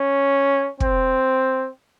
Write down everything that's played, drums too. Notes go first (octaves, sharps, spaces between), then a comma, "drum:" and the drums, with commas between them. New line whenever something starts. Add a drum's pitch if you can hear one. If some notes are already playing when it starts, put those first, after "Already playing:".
Already playing: C#4
C4, drum: kick